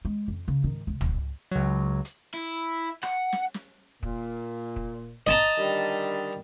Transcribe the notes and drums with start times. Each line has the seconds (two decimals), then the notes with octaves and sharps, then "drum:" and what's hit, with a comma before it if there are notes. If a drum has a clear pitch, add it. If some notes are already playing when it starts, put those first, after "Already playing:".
0.05 G#3
0.28 F2
0.48 C#3
0.64 G#2 D#3
0.87 C#2 C3
1.01 D#1, drum: tom C#2
1.51 C#2 F#3
2.05 drum: hi-hat
2.34 E4
3.03 F#5, drum: rim click
3.33 drum: snare
3.54 drum: snare
4.03 A#2, drum: kick
4.76 drum: kick
5.27 D#5 A5 A#5, drum: snare
5.57 D3 D#3 G3